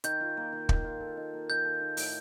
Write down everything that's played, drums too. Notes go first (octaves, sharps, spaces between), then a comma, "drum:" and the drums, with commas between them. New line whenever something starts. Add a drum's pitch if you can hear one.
D#3 G6, drum: hi-hat
F4
A#3
D#3
D#3, drum: kick
F4
A4
D#4
A#3
D#3 G6
A4
D#4
A2, drum: open hi-hat